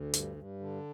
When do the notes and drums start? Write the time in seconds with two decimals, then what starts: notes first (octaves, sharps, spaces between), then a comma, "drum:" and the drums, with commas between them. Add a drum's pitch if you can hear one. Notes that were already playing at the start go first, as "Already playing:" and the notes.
Already playing: D2
0.14 G2, drum: hi-hat
0.36 G2
0.60 D3